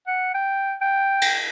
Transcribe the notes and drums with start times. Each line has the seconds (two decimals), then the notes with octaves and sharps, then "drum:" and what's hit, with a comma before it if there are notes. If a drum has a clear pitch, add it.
0.07 F#5
0.34 G5
0.81 G5
1.21 drum: cymbal